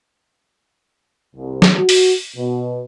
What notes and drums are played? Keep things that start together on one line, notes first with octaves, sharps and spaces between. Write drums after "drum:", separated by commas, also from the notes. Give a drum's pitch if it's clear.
C2
drum: snare
F#4
drum: open hi-hat
B2